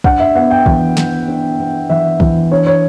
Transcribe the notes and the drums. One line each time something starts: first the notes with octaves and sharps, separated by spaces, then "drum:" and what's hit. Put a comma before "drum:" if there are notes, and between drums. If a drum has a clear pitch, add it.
D4 F#5, drum: kick
E5
B3 F#5
G5
E3, drum: kick
E3, drum: snare
D4
B3
E3 E5
E3, drum: kick
D4 C#5
C#5